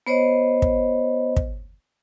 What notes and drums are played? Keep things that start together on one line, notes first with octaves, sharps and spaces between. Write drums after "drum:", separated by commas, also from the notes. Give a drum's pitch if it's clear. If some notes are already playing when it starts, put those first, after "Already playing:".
B3 C5 C#5 D#5
drum: kick
drum: kick